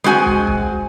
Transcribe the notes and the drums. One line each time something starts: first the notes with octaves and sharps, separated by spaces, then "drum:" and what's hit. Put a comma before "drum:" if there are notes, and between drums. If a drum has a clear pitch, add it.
G#3 C4 F#4 G#5
drum: kick
drum: kick